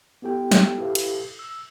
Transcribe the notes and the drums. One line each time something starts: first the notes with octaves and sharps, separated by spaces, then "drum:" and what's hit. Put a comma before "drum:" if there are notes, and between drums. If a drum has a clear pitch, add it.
B3 E4 G4 A4 G5
drum: snare
E4 G4 A4 B4 F5
drum: cymbal
E6